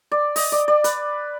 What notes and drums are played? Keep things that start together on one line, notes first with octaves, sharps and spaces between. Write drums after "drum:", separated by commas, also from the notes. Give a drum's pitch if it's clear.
D5
D#5, drum: open hi-hat
D5
D5
B4, drum: hi-hat